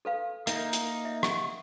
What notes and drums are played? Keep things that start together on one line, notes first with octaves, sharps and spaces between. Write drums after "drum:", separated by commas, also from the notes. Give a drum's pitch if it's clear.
A4 B4 F5
A#3 D#4 E5, drum: hi-hat
drum: hi-hat
E5
G4 F#5 C#6, drum: rim click